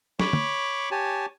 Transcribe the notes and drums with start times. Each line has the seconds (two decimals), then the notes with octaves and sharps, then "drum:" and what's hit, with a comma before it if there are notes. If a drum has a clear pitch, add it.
0.19 C#5 B5 C#6 D6, drum: snare
0.33 drum: tom
0.91 G4 C#5 G#5 A5